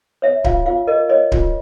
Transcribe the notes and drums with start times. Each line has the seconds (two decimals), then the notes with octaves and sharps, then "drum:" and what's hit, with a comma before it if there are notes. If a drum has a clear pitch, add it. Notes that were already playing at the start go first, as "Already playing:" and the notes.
0.22 C#5 E5
0.44 F4 F5, drum: kick D1
0.66 F4 F5
0.87 A#4 D#5
1.09 C#5 D#5
1.32 F4, drum: kick D1